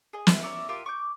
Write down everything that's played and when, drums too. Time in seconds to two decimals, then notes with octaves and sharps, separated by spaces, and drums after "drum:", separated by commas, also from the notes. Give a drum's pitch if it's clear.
0.13 G#4 D#5
0.27 C#4 E4 B4, drum: snare
0.43 C#4 D5 E5 A#5
0.69 F4 G4 A#4 E5
0.86 C#6 D6 G6